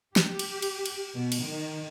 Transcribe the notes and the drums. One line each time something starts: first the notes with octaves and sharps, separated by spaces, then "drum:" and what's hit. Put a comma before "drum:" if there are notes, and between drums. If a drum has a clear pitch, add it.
G4, drum: snare
drum: cymbal
drum: cymbal
drum: cymbal
B2
drum: cymbal
D#3